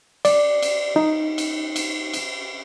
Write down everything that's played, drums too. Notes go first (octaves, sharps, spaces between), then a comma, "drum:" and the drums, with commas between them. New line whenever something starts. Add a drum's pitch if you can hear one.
D5, drum: cymbal
drum: cymbal
D#4
drum: cymbal
drum: cymbal
drum: cymbal